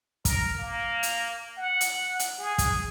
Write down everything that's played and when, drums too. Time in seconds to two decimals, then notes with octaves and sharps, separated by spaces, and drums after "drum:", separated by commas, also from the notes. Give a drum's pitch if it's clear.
0.25 A#4, drum: kick, hi-hat
0.59 A#3
1.03 drum: hi-hat
1.57 F#5
1.81 drum: hi-hat
2.19 drum: hi-hat
2.39 G#4
2.58 drum: kick, hi-hat